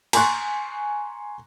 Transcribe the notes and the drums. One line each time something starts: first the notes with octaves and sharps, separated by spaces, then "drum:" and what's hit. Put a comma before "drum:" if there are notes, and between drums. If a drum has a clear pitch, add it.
G#5 A#5 C6 C#6 F#6, drum: cymbal